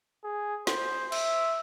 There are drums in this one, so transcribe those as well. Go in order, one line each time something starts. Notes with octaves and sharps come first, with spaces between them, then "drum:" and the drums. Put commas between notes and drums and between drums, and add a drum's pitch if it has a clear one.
G#4
C5, drum: snare
E5, drum: cymbal